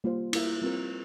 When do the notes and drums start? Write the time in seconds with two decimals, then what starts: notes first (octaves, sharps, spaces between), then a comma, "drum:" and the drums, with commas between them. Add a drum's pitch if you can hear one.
0.04 G3 A#3 F4 C5
0.33 E4 A#4 F5, drum: cymbal
0.62 G3 C4 F4 A#4